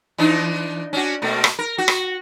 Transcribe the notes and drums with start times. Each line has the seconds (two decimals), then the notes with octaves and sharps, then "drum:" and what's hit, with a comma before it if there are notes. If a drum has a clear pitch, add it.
0.18 E3 D4 D#4
0.93 C#4 D4 F#4
1.22 B2 A3 A#3
1.44 drum: rim click
1.59 A#4
1.78 F#4
1.88 drum: rim click